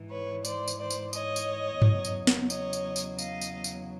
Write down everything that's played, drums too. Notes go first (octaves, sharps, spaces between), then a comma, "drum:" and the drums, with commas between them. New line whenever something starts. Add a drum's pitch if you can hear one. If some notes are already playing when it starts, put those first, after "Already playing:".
Already playing: G#2 E3
B4 C#5
C5 D5, drum: tambourine
drum: tambourine
C5 D5
drum: tambourine
C#5 D#5, drum: tambourine
drum: tambourine
E2 C#3 F#3, drum: tom G2
drum: tambourine
drum: snare
C#5 D#5, drum: tambourine
drum: tambourine
drum: tambourine
D#5 F5, drum: tambourine
drum: tambourine
drum: tambourine